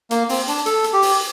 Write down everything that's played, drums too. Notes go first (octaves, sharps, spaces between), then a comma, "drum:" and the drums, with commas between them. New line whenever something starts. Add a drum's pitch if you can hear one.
A#3, drum: hi-hat
C4, drum: open hi-hat
D4, drum: hi-hat
A4, drum: hi-hat
drum: hi-hat
G4
drum: open hi-hat